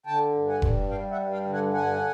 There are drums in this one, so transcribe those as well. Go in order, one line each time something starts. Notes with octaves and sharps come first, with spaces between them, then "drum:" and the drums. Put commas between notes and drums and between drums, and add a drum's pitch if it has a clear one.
D3 G5 A5
G2
F#5 G#5
G3, drum: kick F1
G3 F5 G5
E5 F#5
G2
F5 G5
D3
F#5 G#5
G2 F#5 G#5